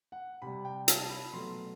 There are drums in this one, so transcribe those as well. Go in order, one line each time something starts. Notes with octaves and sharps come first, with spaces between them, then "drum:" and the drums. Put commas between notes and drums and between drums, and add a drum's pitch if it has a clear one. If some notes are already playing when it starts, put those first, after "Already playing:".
F#5
C3 G3 B5
G5
A5, drum: hi-hat
B5
B2 F#3 A3 C6